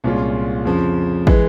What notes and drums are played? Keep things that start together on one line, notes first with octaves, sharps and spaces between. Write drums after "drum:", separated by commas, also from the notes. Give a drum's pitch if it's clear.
C2 A#2 G#3 C#4 F4
F2 C#3 F3
E3 G#3, drum: kick